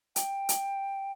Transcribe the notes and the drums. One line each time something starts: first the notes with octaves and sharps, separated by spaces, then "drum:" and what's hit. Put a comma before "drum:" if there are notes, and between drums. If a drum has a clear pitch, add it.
G5, drum: hi-hat
drum: hi-hat